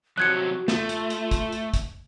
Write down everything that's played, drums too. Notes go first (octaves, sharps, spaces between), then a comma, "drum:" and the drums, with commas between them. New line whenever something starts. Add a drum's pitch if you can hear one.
C3 F3 F#3 F#4 F#6 G#6 C#7
A3 F4, drum: snare
drum: hi-hat
drum: hi-hat
drum: kick, hi-hat
drum: hi-hat
drum: kick, hi-hat